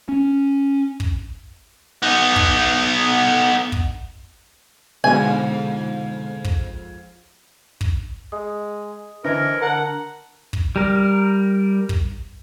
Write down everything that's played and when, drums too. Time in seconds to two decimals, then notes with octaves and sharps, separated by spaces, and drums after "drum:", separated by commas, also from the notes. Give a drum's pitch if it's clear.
0.09 C#4
1.00 drum: kick
2.02 B3 D#4
2.36 drum: kick
3.72 drum: kick
5.04 F2 G#2 B2 D3 G#3 G#5
6.44 drum: kick
7.81 drum: kick
8.32 G#3 D#6
9.24 D3 E3 A#4 C5 D#5 G#6
9.61 A#4 F#5 A5 A#5
10.53 drum: kick
10.76 G3 A#4
11.89 drum: kick